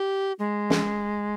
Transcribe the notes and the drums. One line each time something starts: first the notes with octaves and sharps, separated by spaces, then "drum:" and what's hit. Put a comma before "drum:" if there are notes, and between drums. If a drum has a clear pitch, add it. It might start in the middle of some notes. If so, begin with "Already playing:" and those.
Already playing: G4
G#3
drum: snare